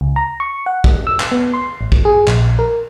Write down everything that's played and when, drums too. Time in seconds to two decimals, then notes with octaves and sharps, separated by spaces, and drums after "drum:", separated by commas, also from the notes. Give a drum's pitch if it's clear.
0.01 C#2
0.16 A#5
0.40 C#6
0.66 F#5
0.84 drum: kick
1.07 E6
1.20 drum: clap
1.32 B3
1.54 C6
1.81 A1
1.92 drum: kick
2.05 G#4
2.28 A#1, drum: clap
2.59 A#4